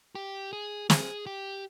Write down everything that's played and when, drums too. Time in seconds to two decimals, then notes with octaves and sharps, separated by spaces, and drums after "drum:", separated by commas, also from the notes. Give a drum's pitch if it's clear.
0.15 G4
0.53 G#4
0.90 G#4, drum: snare
1.26 G4